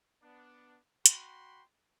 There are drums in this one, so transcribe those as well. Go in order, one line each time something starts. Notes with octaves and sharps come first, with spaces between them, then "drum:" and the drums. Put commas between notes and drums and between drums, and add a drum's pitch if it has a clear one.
B3 D4
F#4 G5 B5 C6, drum: hi-hat